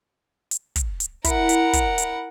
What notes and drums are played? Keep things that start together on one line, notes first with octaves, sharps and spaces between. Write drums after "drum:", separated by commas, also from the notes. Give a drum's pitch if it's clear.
drum: hi-hat
drum: kick, hi-hat
drum: hi-hat
E4 A#4 F#5 B5, drum: kick, hi-hat
drum: hi-hat
drum: kick, hi-hat
drum: hi-hat